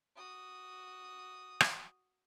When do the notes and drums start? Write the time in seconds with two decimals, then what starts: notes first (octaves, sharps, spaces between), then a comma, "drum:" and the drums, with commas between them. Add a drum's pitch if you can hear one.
0.16 F#4 D#6
1.61 drum: rim click